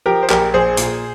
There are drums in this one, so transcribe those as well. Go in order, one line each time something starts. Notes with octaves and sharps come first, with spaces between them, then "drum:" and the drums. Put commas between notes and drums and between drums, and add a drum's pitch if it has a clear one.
F3 G4 A#4
C5
A#1 G4 A#4, drum: clap
A#1 G#4 C5
A#2, drum: hi-hat